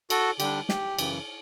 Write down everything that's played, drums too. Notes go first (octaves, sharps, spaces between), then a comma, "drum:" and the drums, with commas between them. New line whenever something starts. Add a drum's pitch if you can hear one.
F#4 A4, drum: cymbal
D3 G3 D4 G4, drum: cymbal
G4, drum: snare
F#2 C#3 E3, drum: cymbal